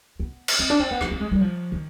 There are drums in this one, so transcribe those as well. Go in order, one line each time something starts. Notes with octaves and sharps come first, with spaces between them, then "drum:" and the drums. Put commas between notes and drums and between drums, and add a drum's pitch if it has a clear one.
B3
drum: cymbal
C4
D4
C4
B3
F3, drum: rim click
C4
G#3
G3
F3
D#3